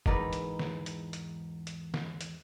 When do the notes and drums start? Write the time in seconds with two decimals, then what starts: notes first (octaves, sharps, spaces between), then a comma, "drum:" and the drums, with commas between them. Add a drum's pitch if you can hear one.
0.06 E2 G#2 D#4 A#4 B4 D5, drum: kick
0.33 drum: hi-hat
0.59 drum: snare
0.86 drum: hi-hat
1.13 drum: hi-hat
1.67 drum: hi-hat
1.94 drum: snare
2.21 drum: hi-hat